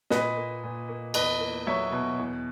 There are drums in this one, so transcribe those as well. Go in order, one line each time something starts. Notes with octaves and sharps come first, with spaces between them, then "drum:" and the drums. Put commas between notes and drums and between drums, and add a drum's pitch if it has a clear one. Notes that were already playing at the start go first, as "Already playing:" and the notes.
A#2 B4 D#5, drum: snare
A#3
A#2
A#3
E2 B4 D#5, drum: cymbal
A#3
F#3 C#5 E5
B2
E2